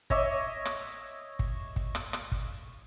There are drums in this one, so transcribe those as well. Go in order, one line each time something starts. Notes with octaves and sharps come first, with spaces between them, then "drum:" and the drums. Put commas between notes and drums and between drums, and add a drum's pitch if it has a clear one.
C#5 D#5 E5 D6, drum: kick G#1
drum: rim click
drum: kick G#1
drum: kick G#1
drum: rim click
drum: rim click
drum: kick G#1